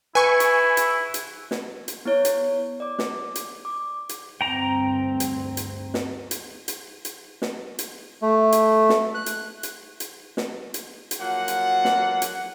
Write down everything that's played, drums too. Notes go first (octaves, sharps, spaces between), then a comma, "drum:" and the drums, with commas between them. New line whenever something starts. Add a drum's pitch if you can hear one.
E4 B4 G#5 C#6
drum: hi-hat
drum: hi-hat
drum: hi-hat
drum: snare
drum: hi-hat
B3 E4 C#5
drum: hi-hat
D5 D6
drum: snare
drum: hi-hat
D6
drum: hi-hat
D2 G2 C4 G5 A#5
drum: hi-hat
drum: hi-hat
drum: snare
drum: hi-hat
drum: hi-hat
drum: hi-hat
drum: snare
drum: hi-hat
A3
drum: hi-hat
drum: snare
F#6
drum: hi-hat
drum: hi-hat
drum: hi-hat
drum: snare
drum: hi-hat
drum: hi-hat
F3 F#3 A#3 F#5
drum: hi-hat
drum: snare
drum: hi-hat